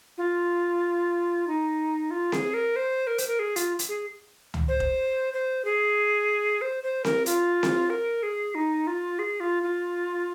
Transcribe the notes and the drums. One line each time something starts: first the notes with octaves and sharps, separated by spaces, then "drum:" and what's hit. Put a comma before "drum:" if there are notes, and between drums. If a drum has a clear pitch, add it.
F4
D#4
F4
G#4, drum: snare C4
A#4
C5
A#4
C5, drum: hi-hat
A#4
G#4
F4, drum: hi-hat
drum: hi-hat
G#4
drum: tom C#2
C5
drum: kick
C5
G#4
C5
C5
A#4, drum: snare C4
F4, drum: hi-hat
drum: snare C4
A#4
G#4
D#4
F4
G#4
F4
F4